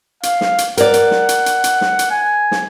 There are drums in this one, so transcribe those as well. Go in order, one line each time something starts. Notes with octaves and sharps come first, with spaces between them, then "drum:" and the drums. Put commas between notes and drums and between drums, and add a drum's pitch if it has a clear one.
F5, drum: hi-hat
drum: snare
drum: hi-hat
A#4 D5 F#5, drum: hi-hat
drum: hi-hat
drum: snare
drum: hi-hat
drum: hi-hat
drum: hi-hat
drum: snare
drum: hi-hat
G#5
drum: snare